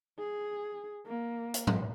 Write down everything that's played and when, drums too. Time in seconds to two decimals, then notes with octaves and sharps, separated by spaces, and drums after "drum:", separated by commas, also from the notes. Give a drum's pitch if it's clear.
0.19 G#4
1.06 A#3
1.54 drum: hi-hat
1.67 drum: tom G#2